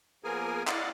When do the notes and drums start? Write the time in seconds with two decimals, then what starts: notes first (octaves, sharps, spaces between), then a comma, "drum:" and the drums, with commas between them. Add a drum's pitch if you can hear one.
0.24 F3 A#3 B3 G#4 A#4 G#5
0.67 E4 D5 D#5 F5 F#5, drum: clap